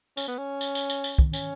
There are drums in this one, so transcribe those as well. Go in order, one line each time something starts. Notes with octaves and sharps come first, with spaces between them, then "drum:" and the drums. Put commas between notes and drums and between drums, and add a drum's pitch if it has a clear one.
C#4, drum: tambourine
B3
C#4
drum: tambourine
drum: tambourine
drum: tambourine
drum: tambourine
drum: kick
C#4, drum: tambourine